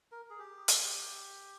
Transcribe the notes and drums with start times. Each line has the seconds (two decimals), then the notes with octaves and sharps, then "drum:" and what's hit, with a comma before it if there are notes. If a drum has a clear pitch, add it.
0.12 A#4
0.30 G#4
0.39 G4
0.68 drum: hi-hat
0.84 G4